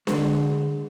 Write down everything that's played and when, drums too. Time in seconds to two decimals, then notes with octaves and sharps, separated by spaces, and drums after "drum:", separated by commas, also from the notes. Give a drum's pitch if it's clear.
0.07 D3 G#3, drum: snare D4